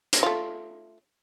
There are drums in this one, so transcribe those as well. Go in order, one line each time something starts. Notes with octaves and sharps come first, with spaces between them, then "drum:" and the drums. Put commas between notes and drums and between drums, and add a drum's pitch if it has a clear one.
drum: hi-hat
A3 F4